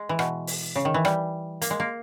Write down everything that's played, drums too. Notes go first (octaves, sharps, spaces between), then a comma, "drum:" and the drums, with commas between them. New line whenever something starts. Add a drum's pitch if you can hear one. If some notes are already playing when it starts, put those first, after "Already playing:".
Already playing: G#3
E3
B2, drum: rim click
drum: open hi-hat
C#3
D#3
E3
G3, drum: rim click
A#3, drum: hi-hat
G#3
A#3